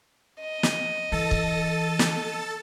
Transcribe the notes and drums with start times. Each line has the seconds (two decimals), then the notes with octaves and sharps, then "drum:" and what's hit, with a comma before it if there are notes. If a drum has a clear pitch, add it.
0.41 D#5
0.63 drum: snare
1.12 E3 A4 A5 A6
1.31 drum: kick
1.99 drum: snare